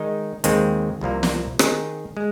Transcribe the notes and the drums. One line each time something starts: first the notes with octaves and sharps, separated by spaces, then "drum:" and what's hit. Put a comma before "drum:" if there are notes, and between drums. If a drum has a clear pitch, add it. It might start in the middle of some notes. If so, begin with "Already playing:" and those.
Already playing: D#3 G#3 D#4
D#2 D#3 G#3 C4, drum: hi-hat
C2 C3 F3 A#3
drum: snare
D#3 C4 D#4 G#4, drum: rim click
G#3